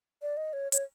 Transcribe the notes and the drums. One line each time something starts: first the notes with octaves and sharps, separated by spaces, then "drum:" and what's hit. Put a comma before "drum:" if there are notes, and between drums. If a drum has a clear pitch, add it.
D5
D#5
C#5
C#5, drum: hi-hat